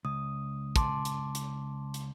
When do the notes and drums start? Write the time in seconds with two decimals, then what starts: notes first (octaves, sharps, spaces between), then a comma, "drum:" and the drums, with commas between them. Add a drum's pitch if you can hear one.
0.05 C#2 D#6
0.76 A5 C6 D6, drum: kick, hi-hat
1.05 drum: hi-hat
1.35 drum: hi-hat
1.94 drum: hi-hat